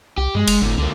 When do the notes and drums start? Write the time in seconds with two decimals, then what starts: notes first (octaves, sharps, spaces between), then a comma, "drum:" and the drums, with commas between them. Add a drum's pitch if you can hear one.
0.18 C2 G4
0.35 G2 G#3
0.48 F#1, drum: cymbal
0.62 G1 A2 D3
0.78 C#2 D3 A#3